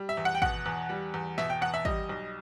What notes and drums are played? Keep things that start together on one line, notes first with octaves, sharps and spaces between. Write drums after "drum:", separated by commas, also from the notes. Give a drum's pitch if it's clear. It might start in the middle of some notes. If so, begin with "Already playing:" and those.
Already playing: G3
E5
E2
F#5
G5
B2 F#5, drum: kick
E2
G3
E2
B2 E5, drum: snare
G5
E2 F#5
E5
G3 D#5, drum: kick
B1